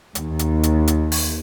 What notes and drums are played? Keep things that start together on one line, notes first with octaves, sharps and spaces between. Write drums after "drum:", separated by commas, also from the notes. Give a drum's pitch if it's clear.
D#2, drum: hi-hat
drum: hi-hat
drum: hi-hat
drum: hi-hat
drum: open hi-hat